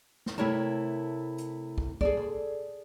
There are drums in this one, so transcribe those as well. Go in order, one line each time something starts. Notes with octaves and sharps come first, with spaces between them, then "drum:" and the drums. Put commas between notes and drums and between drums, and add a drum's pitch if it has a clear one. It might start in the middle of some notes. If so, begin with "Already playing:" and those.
drum: snare
C3 A3 E4 A#4 C#5 A5
drum: hi-hat
drum: kick
G#4 A4 D5, drum: kick
drum: tom B2